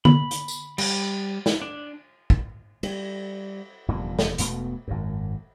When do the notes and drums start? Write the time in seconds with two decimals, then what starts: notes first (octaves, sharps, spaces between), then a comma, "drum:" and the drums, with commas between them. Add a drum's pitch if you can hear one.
0.05 B5, drum: tom D3
0.31 drum: hi-hat
0.48 drum: tambourine
0.78 G3, drum: cymbal
1.46 drum: snare
1.62 D4
2.30 drum: kick
2.83 G3, drum: cymbal
3.88 F1 E2 A#2 G3
4.19 drum: snare
4.38 E1 B2 A3 B3, drum: hi-hat
4.88 G#1 F#2